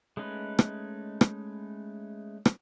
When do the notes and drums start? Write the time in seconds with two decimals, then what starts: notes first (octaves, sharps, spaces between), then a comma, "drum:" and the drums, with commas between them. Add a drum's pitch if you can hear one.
0.17 G#3 A3 C#4 D#4 B4
0.59 drum: rim click
1.21 drum: rim click
2.45 drum: rim click